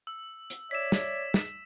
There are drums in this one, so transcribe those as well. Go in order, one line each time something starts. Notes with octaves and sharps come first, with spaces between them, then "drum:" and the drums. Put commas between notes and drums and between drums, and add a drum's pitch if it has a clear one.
E6
drum: hi-hat
C#5 D5 E5 B6 E7
drum: snare
drum: snare